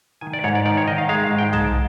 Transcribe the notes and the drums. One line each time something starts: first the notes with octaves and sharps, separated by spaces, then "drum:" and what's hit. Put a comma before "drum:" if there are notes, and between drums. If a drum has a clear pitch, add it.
D#3 G#5
D5
G#2 C#5
D5
D#3 D5
C#5
D#3 D#5
F5
G#3 F5
F5
G#2
G5
G#3 A5, drum: tom B1